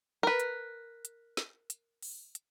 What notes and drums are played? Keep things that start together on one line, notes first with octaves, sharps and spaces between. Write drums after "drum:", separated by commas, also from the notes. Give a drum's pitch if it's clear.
A#4 B4
drum: hi-hat
drum: hi-hat
drum: snare
drum: hi-hat
drum: open hi-hat
drum: hi-hat